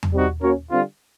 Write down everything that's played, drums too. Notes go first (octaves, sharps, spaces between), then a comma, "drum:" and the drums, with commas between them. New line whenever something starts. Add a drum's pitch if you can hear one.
drum: tom E2
G3 C4 D#4 F#4
A#3 C#4 F#4 A#4 C#5
D3 G3 C4 F4